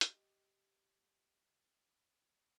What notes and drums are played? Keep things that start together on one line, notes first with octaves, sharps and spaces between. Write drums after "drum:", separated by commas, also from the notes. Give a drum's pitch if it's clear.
G4 D#5, drum: hi-hat